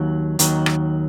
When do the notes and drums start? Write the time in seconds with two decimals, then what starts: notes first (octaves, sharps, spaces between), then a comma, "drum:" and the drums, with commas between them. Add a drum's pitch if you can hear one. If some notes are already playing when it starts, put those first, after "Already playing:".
Already playing: D#2 D#3 F#3
0.39 D#2 D#3 F#3, drum: hi-hat
0.66 drum: rim click